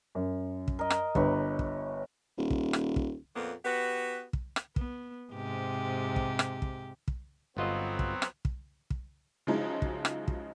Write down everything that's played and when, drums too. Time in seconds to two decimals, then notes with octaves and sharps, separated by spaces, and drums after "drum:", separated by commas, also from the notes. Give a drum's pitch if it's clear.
0.15 F#2
0.68 drum: kick
0.79 A#4 D#5
0.90 drum: rim click
1.15 G1 G4 B4 C#5, drum: kick
1.59 drum: kick
2.38 D#1
2.50 drum: kick
2.73 drum: rim click
2.96 drum: kick
3.35 F2 A#2 A#3 B3
3.65 B3 F#4 G4 B4
4.33 drum: kick
4.56 drum: rim click
4.76 B3, drum: kick
5.33 G#2 C3 G4
6.16 drum: kick
6.39 drum: rim click
6.62 drum: kick
7.08 drum: kick
7.57 G1 F#3 B3 C4 F4 D#5
7.99 drum: kick
8.22 drum: rim click
8.45 drum: kick
8.90 drum: kick
9.47 C#3 F3 F#3 G#3 D#4 E4
9.82 drum: kick
10.05 drum: rim click
10.28 drum: kick